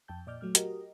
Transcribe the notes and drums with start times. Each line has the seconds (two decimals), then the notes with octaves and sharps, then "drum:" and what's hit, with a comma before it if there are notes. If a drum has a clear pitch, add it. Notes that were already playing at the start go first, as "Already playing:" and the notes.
0.08 F2 G5 A5 G6
0.27 A#2 D5 D#5 D6 F6 G6
0.41 F#3 A3 F6
0.55 F#4 G4 A#4 D#5, drum: hi-hat